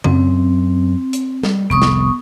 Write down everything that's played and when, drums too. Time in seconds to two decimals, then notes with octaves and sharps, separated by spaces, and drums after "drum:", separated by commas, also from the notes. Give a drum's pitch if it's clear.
0.04 F#2 F#3 C4, drum: tom C#3
1.13 drum: hi-hat
1.43 G3, drum: snare
1.70 F1 C2 B3 C#6 D#6
1.82 drum: snare